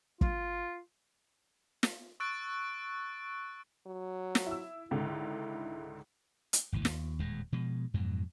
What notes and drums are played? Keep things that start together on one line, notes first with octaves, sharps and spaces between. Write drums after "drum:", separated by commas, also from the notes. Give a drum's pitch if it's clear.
F4, drum: kick
drum: snare
C#6 E6 F#6 A6 D7
F#3
drum: snare
E4 E6
C#2 G#2 D3 E4
drum: hi-hat
G#1 C#2 A#2 E3
D#2, drum: snare
D#1 E2 A2 G#3
B2 F3 G#3
F2 G#2 B2 F#3